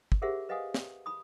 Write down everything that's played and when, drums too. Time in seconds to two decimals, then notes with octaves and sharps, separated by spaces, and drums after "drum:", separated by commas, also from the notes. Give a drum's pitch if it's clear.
0.12 drum: kick
0.22 G4 G#4 A#4 C5 E5 F#5
0.49 B4 D#5 F5 F#5 G#5 D#6
0.74 drum: snare
1.06 B5 D#6